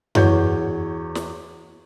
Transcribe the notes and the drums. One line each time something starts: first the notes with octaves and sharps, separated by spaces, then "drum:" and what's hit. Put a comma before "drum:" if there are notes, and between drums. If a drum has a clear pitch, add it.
E2 F#4 C#5 G6, drum: tom F#2
drum: snare